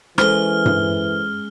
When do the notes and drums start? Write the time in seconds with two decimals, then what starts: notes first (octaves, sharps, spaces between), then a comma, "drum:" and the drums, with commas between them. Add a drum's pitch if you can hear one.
0.18 E3 G#3 C#4 A4 C5 F6 G7, drum: rim click
0.65 drum: tom G2